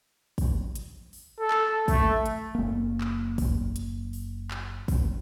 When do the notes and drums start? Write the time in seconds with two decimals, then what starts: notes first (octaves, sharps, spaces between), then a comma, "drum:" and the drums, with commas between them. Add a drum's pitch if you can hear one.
0.38 drum: kick, open hi-hat
0.75 drum: hi-hat
1.13 drum: open hi-hat
1.40 A4
1.51 drum: clap
1.88 A3, drum: kick, open hi-hat
2.26 drum: hi-hat
2.55 F#1 A#3
3.01 drum: clap
3.38 drum: kick, open hi-hat
3.76 drum: hi-hat
4.13 drum: open hi-hat
4.51 drum: clap
4.88 drum: kick, open hi-hat